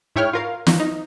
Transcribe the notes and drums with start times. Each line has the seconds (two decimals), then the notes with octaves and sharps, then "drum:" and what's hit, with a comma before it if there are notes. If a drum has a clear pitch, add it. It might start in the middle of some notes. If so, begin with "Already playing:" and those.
0.16 G#2 E4 C#5 G5 F6
0.33 F4 A#4 F5
0.67 D#3, drum: snare
0.80 D#4